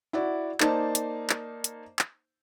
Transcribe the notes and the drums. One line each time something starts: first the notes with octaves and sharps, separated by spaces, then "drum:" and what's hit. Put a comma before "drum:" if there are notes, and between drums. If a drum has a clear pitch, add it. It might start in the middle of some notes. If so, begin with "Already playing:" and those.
E4 F#4 D5
A#3 D#4 C5 D5 A5, drum: clap
drum: hi-hat
drum: clap
drum: hi-hat
drum: clap